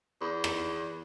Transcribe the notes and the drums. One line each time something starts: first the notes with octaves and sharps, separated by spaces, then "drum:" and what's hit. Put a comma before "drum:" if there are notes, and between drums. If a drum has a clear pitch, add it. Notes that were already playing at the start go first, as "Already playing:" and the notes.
E2
drum: rim click